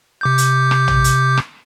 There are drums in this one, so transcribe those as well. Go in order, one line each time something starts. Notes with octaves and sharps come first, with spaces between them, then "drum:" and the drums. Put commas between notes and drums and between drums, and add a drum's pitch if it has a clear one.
C3 D6 G6
drum: hi-hat
drum: rim click
drum: tom A1
drum: hi-hat
drum: rim click